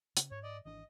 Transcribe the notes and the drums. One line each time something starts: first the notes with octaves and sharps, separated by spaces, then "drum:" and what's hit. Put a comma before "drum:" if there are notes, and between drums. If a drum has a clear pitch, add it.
C#3, drum: hi-hat
G#2 C#5
D5 D#5
G#1 E3 D4 D#5